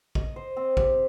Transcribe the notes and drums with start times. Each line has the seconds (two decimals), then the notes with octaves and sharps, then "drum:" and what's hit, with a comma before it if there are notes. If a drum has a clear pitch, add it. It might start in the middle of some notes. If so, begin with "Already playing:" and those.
0.15 D#5, drum: kick
0.36 C5
0.57 C4
0.77 G4, drum: kick